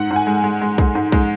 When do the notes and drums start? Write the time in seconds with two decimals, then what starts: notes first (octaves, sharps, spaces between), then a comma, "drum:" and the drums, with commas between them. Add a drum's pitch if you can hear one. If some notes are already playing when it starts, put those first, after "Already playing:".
Already playing: G#2 F#5
0.11 G#2
0.16 G#5
0.27 G#3
0.44 G#3
0.62 G#3
0.78 G#3, drum: kick B1, tambourine
0.95 G#2
1.12 G#3, drum: kick B1, tambourine